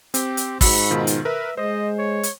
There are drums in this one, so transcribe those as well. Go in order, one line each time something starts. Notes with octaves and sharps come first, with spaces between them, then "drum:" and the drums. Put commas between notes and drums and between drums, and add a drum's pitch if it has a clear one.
C4 G4, drum: hi-hat
drum: hi-hat
G#2 F#4 B5 E6, drum: kick, open hi-hat
B2 D#3 F4
drum: hi-hat
A#4 B4 E5
G#3 C5 D#5
C#5
drum: hi-hat